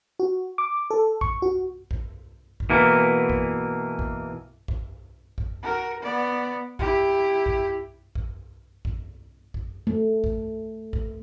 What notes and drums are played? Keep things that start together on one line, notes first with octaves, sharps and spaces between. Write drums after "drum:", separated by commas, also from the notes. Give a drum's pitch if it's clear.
F#4
D6
A4
C#6, drum: kick
F#4
drum: kick
drum: kick
B2 E3 A#3
drum: kick
drum: kick
drum: kick
drum: kick
F#4 A#4
B3 D5
E4 G4, drum: kick
drum: kick
drum: kick
drum: kick
drum: kick
A3
drum: kick
drum: kick